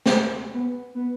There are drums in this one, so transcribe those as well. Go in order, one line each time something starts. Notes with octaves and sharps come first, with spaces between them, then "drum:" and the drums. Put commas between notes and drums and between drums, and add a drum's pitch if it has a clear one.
B3, drum: snare
A3
B3
B3